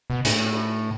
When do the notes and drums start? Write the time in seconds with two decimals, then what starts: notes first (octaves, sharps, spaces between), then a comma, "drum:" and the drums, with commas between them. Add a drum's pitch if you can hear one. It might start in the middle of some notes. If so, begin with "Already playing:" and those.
0.10 B2
0.25 A2, drum: hi-hat